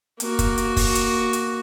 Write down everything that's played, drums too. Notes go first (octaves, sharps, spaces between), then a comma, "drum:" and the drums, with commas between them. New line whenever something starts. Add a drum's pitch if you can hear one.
A#3 F#4, drum: hi-hat
drum: kick, hi-hat
drum: hi-hat
drum: kick, open hi-hat
drum: hi-hat
drum: hi-hat